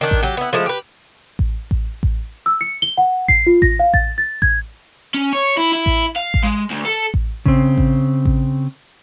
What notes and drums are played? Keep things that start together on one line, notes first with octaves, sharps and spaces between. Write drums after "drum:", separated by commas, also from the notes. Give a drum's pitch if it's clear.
D#3 D4
drum: kick A1
F#3 G4
B3 E4
F3 G#3 A3 E4
G4 B4
drum: kick A1
drum: kick A1
drum: kick A1
E6
C#7
G7
F#5
C7, drum: kick A1
F4
A#6, drum: kick A1
F5
A6, drum: kick A1
A6
G#6, drum: kick A1
C#4
C#5
E4
E4
drum: kick A1
F5
drum: kick A1
G#3
D2
A4
drum: kick A1
C#3 C4, drum: kick A1
drum: kick A1
drum: kick A1